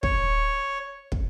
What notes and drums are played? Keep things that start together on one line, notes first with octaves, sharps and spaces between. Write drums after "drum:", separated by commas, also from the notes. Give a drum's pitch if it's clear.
C#5, drum: kick
drum: kick